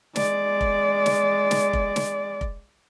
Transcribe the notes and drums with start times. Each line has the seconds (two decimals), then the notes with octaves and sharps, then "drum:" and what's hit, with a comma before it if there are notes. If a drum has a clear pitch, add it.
0.16 G#3 D5, drum: snare
0.61 drum: kick F1
1.06 drum: snare
1.51 drum: snare
1.73 drum: kick F1
1.96 drum: snare
2.41 drum: kick F1